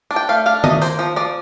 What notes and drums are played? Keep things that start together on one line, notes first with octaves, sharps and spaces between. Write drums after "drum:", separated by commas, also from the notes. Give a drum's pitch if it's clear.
D4
G5
A3 F5
D4 F5
A3 D#5, drum: tom D#3
A#3 C5, drum: hi-hat
F3
F3 D5